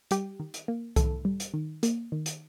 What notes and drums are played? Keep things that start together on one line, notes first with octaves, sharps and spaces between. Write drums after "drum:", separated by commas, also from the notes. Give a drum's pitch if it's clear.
G3 G4, drum: hi-hat
D#3
drum: hi-hat
A#3
D#3 A4, drum: kick C2, hi-hat
G3
drum: hi-hat
D#3
A#3, drum: hi-hat
D#3
drum: hi-hat